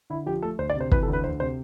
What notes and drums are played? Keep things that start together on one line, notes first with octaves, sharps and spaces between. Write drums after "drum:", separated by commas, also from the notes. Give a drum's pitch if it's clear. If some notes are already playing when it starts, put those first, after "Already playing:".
D3 E4
F3 G4
A3 A4
D2 C5
D5
C3 C5
E3 B4, drum: kick
A4
D2
B4
D2 C5
C3 C5